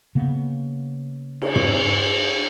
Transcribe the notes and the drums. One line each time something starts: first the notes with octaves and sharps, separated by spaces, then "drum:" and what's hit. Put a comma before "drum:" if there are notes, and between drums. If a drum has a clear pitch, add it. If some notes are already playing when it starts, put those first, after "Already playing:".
C#3 A#3 B3
drum: cymbal
drum: tom